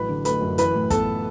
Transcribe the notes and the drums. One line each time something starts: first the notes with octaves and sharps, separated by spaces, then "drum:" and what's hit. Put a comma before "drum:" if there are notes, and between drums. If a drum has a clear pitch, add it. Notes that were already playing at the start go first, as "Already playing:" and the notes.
Already playing: A1 F#3 B4 B5
D3
A3 B4 B5, drum: hi-hat
F#2
E3 B4 B5, drum: hi-hat
A2
B3 A4 A5, drum: kick, hi-hat